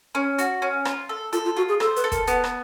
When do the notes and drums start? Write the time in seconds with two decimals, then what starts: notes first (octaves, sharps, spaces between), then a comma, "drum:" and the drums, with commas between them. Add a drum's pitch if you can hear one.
0.15 C#4
0.39 F#4, drum: hi-hat
0.62 C#4
0.85 F4, drum: rim click
1.09 A4
1.33 F4 A4, drum: hi-hat
1.45 F4
1.57 F4 F#4
1.69 G#4
1.80 A4 C5, drum: rim click
1.96 B4, drum: hi-hat
2.04 A4
2.12 A#4, drum: kick, hi-hat
2.27 B3 B4, drum: hi-hat
2.44 drum: rim click